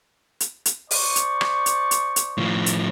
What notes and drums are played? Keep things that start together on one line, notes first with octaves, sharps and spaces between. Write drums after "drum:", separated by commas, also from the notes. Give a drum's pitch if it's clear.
drum: hi-hat
drum: hi-hat
C5 D5 C#6, drum: open hi-hat
drum: hi-hat
drum: rim click
drum: hi-hat
drum: hi-hat
drum: hi-hat
A2 F3
drum: hi-hat